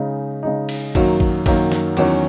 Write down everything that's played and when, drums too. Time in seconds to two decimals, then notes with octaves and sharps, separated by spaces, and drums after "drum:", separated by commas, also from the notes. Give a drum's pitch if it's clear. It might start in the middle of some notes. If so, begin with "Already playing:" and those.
Already playing: C#3 G#3 D#4
0.43 C#3 G#3 D#4
0.69 drum: cymbal
0.95 F#2 D#3 F#3 A#3, drum: kick, cymbal
1.20 drum: kick
1.46 F#2 D#3 F#3 A#3, drum: kick, cymbal
1.72 drum: snare
1.97 E2 D#3 F#3 C#4, drum: cymbal